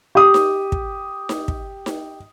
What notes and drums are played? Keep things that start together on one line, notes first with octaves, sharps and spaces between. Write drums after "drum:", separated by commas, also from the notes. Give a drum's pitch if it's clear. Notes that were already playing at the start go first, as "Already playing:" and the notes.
G4 D#6
drum: snare D#4
drum: kick
drum: snare D#4
drum: kick
drum: snare D#4